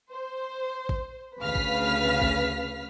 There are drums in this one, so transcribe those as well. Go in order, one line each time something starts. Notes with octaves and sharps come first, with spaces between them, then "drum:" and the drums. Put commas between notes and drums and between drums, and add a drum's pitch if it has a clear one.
C5
drum: kick
D2 C#3 B4 F5 F6 B6
drum: kick
drum: kick